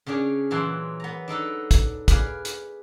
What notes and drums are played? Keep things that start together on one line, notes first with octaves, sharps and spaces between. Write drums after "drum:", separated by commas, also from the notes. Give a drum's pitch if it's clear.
C#3 C#4 D4 G#4
A#2 E3 F#3 A5 C6
B3 A#5
D4 D#4 A4 B4
drum: kick, hi-hat
G#4 B4 D5 F5, drum: kick, hi-hat
drum: hi-hat